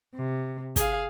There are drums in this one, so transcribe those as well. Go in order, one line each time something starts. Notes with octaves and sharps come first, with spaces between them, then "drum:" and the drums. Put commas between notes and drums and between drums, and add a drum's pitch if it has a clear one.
C3
G#4 F5, drum: kick, hi-hat